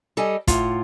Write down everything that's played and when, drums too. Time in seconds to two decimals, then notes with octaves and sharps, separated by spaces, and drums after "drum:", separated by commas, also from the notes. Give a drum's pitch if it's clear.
0.17 G3 A4 D#5 G#5
0.47 A2 F4 F#5, drum: kick, hi-hat